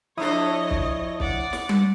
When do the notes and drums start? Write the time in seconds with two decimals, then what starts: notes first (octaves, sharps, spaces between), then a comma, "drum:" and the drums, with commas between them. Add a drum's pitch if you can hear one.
0.18 F3 D4 E4 A4 C#5 D#5 D#6
0.71 drum: kick
1.20 D5 F#5, drum: kick
1.53 drum: snare
1.69 drum: tom G3